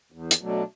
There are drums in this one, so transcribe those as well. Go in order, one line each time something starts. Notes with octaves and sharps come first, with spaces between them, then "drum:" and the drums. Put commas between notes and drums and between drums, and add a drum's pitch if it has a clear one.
E2
drum: hi-hat
B2 F#3 A3 D4